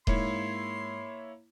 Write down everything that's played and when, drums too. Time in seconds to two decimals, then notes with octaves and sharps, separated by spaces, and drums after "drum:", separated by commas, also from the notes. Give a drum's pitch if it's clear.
0.07 G#2 A#3 E4 C#5 C6, drum: kick D#1